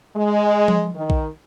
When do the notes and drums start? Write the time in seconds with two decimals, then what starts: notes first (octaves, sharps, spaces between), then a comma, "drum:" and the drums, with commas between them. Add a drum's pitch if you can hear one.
0.16 G#3
0.68 drum: tom F3
0.96 D#3
1.10 drum: kick